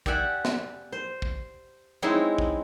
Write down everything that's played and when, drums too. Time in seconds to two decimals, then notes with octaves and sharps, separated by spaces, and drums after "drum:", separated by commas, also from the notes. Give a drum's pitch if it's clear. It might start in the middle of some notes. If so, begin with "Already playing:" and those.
0.06 G4 D5 E5 F#5 G#5, drum: kick
0.45 drum: snare
0.92 C5
1.22 drum: kick
2.02 G#3 C4 C#4 D#4 E4 G#4
2.38 drum: kick